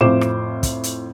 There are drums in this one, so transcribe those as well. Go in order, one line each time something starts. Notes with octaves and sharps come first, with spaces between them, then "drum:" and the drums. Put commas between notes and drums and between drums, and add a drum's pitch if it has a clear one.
F2 A2 F4 C5 D6 E7
drum: rim click
drum: kick, hi-hat
drum: hi-hat